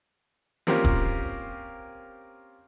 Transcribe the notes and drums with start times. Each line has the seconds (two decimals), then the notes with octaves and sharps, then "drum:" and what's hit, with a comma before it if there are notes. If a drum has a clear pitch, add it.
0.67 A#3 C4 C#4 F4 G4 A#4, drum: snare
0.84 drum: kick